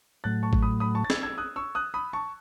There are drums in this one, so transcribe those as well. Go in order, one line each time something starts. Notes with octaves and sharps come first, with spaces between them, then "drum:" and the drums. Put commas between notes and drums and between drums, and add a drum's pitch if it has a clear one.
A2 F#3 A3 F#6 A6
A5 C#6
drum: kick A1
B5 D#6
B5 D#6
A5 C#6
A6
E6 G#6, drum: snare
E6 G#6
D#6 F#6
C#6 E6
D#6 F#6
B5 D#6
A5 C#6